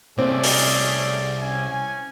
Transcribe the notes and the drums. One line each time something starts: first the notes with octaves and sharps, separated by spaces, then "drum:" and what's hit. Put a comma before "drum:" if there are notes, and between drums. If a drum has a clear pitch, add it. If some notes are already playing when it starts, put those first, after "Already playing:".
C2 A3 C4 C#4 G#4 D5
drum: open hi-hat
C#4 G#5